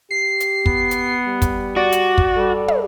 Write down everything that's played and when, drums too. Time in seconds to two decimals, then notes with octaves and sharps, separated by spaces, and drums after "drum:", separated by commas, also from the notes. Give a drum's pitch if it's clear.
0.11 G4 C7
0.40 drum: hi-hat
0.66 B3, drum: kick
0.91 drum: hi-hat
1.27 G3
1.42 drum: kick, hi-hat
1.76 F#4 D5
1.92 drum: hi-hat
2.18 drum: kick
2.36 G3 A4
2.68 drum: tom